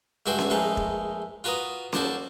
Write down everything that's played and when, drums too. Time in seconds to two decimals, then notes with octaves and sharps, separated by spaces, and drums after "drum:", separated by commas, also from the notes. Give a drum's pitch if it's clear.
0.26 C#2 G2 F#4 E5 G5 C6
0.39 drum: snare C#4
0.50 A#1 A2 G#3 D#4 B4
0.77 drum: kick F1
1.44 F4 F#4 B4 A#5 D#6
1.93 D#2 F#4 C5 A5 D6, drum: snare C#4